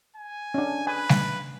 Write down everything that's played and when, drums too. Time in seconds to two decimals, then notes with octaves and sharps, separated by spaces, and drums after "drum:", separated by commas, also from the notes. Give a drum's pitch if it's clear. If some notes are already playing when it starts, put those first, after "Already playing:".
0.16 G#5
0.54 C#4 D4
0.87 B4 G#5
1.09 drum: snare